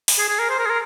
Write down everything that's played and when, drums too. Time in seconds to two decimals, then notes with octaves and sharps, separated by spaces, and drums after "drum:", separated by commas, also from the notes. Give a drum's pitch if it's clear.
0.08 drum: open hi-hat
0.19 G#4
0.29 G#4
0.39 A#4
0.50 C5
0.59 A#4
0.66 G#4
0.70 A#4